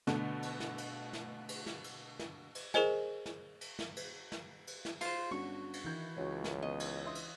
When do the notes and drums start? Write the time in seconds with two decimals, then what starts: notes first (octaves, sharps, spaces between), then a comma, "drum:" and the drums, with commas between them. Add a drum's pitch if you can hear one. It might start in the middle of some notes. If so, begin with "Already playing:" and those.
0.07 B2 D3 A3, drum: snare
0.42 drum: cymbal
0.60 drum: snare
0.78 drum: cymbal
1.13 drum: snare
1.49 drum: cymbal
1.66 drum: snare
1.84 drum: cymbal
2.19 drum: snare
2.55 drum: cymbal
2.74 G#4 A#4 C5 D#5 G#5, drum: snare
3.26 drum: snare
3.61 drum: cymbal
3.79 drum: snare
3.96 drum: cymbal
4.32 drum: snare
4.67 drum: cymbal
4.85 drum: snare
5.01 F4 C5, drum: cymbal
5.31 G1 C#4 D4 F#4 C#6
5.73 drum: cymbal
5.85 D#3 E3 E4 G6 G#6
6.18 C#2 F#4 C#5
6.44 drum: snare
6.63 B3 D#5
6.80 drum: cymbal
7.05 E5 C6 D#6
7.15 drum: cymbal